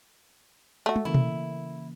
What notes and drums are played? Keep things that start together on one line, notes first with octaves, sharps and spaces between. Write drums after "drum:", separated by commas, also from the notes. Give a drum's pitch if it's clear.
A3 F#4 E5
drum: tom
C#3 E3 A#3 E4
drum: tom B2